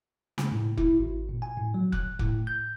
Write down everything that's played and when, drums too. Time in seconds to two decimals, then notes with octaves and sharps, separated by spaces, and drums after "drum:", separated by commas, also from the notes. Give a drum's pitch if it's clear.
0.38 C#3, drum: snare
0.52 A2
0.78 E4, drum: kick F1
0.99 G#1
1.29 A#2
1.42 G#5
1.58 A2
1.74 F#3
1.92 F#6, drum: kick F1
2.19 A2, drum: kick F1
2.47 G6